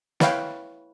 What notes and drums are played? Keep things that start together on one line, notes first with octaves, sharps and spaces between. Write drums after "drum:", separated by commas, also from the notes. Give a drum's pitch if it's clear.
E4 B4 C#5 F5 G5, drum: snare